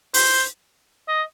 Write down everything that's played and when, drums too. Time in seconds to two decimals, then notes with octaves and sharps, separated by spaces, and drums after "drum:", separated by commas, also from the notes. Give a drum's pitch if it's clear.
0.14 C5, drum: open hi-hat
1.08 D#5